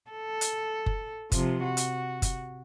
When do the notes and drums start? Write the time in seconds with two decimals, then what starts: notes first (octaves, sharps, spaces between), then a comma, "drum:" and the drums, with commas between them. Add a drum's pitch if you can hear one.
0.11 A4
0.41 drum: hi-hat
0.86 drum: kick F#1
1.32 C3 F3, drum: kick F#1, hi-hat
1.63 F#4
1.77 drum: hi-hat
2.22 drum: kick F#1, hi-hat